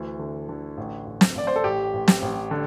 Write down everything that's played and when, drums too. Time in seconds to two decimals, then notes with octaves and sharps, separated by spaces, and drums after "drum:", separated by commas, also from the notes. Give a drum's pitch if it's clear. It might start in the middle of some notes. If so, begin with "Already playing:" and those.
Already playing: D2 E3
0.19 D3
0.49 D3
0.77 A1
1.07 A1
1.21 drum: snare
1.35 A1 D5
1.47 C5
1.56 A4
1.64 A1 G4
1.93 A1
2.08 drum: snare
2.22 A1
2.51 D3